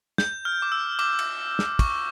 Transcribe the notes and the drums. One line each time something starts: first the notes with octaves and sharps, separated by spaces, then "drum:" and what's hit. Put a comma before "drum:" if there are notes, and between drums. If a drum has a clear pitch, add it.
G6, drum: snare
F6
D6
E6
D6, drum: cymbal
drum: cymbal
drum: snare
C#6, drum: kick, cymbal